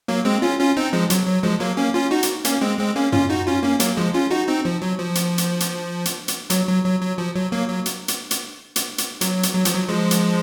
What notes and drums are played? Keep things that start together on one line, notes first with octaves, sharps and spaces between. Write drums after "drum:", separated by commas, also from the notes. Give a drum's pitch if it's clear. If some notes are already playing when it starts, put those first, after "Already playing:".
F#3 A#3
G#3 C4
C#4 F4
C#4 F4
C4 D#4
F3 G#3
F#3, drum: hi-hat
F#3
F3 G#3
F#3 A#3
A#3 C#4
C#4 F4
D#4 F#4
drum: hi-hat
A#3 C#4, drum: hi-hat
G#3 C4
G#3 C4
A#3 C#4
C#4 F4, drum: tom F#2
D#4 F#4
C#4 F4
A#3 C#4
F#3 A#3, drum: hi-hat
F3 G#3
C#4 F4
D#4 F#4
C4 D#4
F3
F#3
F3
drum: hi-hat
drum: hi-hat
drum: hi-hat
drum: hi-hat
drum: hi-hat
F#3, drum: hi-hat
F#3
F#3
F#3
F3
F#3
F#3 A#3
F#3
drum: hi-hat
drum: hi-hat
drum: hi-hat
drum: hi-hat
drum: hi-hat
F#3, drum: hi-hat
drum: hi-hat
F#3
F3, drum: hi-hat
F#3
F3 G#3
drum: hi-hat